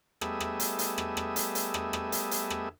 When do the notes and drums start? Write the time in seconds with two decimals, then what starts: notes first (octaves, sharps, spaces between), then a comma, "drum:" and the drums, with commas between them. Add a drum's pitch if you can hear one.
0.21 G3 A3 B3 G#4 D#5 E5, drum: rim click
0.40 drum: rim click
0.60 drum: hi-hat
0.79 drum: hi-hat
0.98 drum: rim click
1.17 drum: rim click
1.36 drum: hi-hat
1.55 drum: hi-hat
1.74 drum: rim click
1.93 drum: rim click
2.12 drum: hi-hat
2.31 drum: hi-hat
2.50 drum: rim click